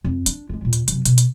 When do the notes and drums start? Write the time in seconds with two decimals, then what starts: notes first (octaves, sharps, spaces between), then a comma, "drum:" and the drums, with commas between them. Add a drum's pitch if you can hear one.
0.04 F2
0.26 D4, drum: hi-hat
0.49 D3 G#3
0.62 D#2 A#2
0.73 drum: hi-hat
0.88 F#2 C3, drum: hi-hat
1.05 B2, drum: hi-hat
1.18 drum: hi-hat